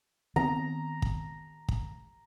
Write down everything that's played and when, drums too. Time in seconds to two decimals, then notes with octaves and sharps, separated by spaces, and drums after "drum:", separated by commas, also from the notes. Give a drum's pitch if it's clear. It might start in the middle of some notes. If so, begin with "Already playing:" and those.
0.36 D#3 B3 C4 A#5
1.02 drum: kick
1.69 drum: kick